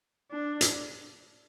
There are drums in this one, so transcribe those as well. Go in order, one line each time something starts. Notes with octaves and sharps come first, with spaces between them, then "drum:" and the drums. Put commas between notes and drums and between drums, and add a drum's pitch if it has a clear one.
D4
drum: hi-hat